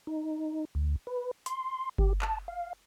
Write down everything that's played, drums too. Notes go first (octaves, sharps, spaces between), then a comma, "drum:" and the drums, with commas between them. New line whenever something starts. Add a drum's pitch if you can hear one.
D#4
D2
B4
C6, drum: hi-hat
G4, drum: kick G1
A5, drum: clap
F5